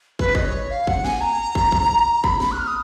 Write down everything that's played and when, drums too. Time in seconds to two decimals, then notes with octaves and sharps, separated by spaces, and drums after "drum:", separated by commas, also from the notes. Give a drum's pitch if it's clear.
0.19 B4, drum: kick
0.35 D#5, drum: kick
0.44 C#5
0.70 F5
0.87 F#5, drum: kick
1.04 G#5, drum: snare
1.21 A#5
1.55 drum: kick
1.72 drum: kick
2.24 B5, drum: kick
2.40 drum: snare
2.51 F#6
2.59 F6
2.67 D#6